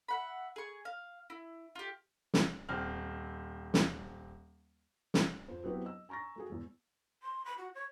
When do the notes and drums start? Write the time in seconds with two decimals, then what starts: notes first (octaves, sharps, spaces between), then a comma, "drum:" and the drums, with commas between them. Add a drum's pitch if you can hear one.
0.08 E5 F#5 B5
0.56 G#4 C#6
0.85 F5
1.30 E4
1.75 F4 G4
2.34 drum: snare
2.69 D#1 C4 F6
3.74 drum: snare
5.14 drum: snare
5.48 F2 C5
5.64 F#3 B3 C4 E4 G4 B4
5.85 D#5 E6
6.09 G#5 A#5 C#6 A6 A#6
6.36 A3 F#4 G#4
6.50 E1 E2
7.22 C6
7.45 B5
7.57 F#4
7.74 C#5